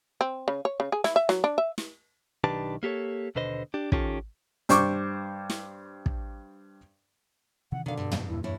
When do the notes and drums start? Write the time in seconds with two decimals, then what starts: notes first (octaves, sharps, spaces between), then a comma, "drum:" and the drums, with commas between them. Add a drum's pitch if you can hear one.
0.21 C4
0.48 C#3
0.65 C#5
0.80 C#3
0.92 G#4
1.04 E4, drum: snare
1.16 E5
1.29 F#3, drum: snare
1.44 D4
1.58 E5
1.78 drum: snare
2.44 B1 D#3 D4 G4 B4 A5
2.83 A#3 G4 A4 C#5
3.35 D#2 B2 D3 B4 C5 D#5
3.74 D4 G4
3.92 D#3 C#4 F4 G4 A4, drum: kick
4.69 G2 C5 C#6 D6, drum: hi-hat
5.50 drum: snare
6.06 drum: kick
7.72 C3 D#3 E3 F#5
7.86 B2 D3 D#3 F5
7.97 G2
8.11 drum: tom
8.29 E2 A#2 E4
8.44 G2 E4 C#5